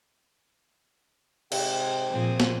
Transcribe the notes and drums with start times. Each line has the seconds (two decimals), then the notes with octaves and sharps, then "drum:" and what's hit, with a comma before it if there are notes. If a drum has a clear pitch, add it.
1.52 G#2 C3 G5, drum: cymbal
2.11 A#2 F3 C4 G#4
2.40 drum: snare